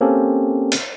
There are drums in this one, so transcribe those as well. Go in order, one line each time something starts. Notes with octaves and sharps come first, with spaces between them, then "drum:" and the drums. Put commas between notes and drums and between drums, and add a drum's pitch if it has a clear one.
A#3 C4 C#4 G4 A4 A#4
drum: hi-hat